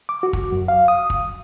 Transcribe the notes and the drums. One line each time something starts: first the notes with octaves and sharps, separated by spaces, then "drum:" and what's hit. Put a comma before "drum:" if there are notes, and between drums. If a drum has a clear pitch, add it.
D6
F#4
drum: kick
F#2
F5
D#6
drum: kick